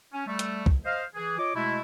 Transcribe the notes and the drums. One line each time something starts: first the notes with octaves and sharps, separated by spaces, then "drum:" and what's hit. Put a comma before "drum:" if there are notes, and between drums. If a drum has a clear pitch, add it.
C#4
G3 A3
drum: hi-hat
drum: kick
C5 D#5 F5
E3 G#4
F4 C#5 D#5 D6
B2 G#3 A3 E4